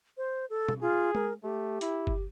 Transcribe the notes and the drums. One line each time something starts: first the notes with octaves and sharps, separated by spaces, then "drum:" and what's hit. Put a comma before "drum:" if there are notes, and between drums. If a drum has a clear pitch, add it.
C5
A4
drum: tom B2
F4 G#4
A#4, drum: tom G#3
A3 G4
E4, drum: hi-hat
drum: kick F#1